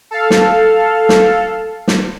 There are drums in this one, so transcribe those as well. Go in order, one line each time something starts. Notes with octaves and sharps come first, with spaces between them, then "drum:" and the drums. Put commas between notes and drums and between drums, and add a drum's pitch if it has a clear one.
A4 F5
drum: snare
drum: snare
drum: snare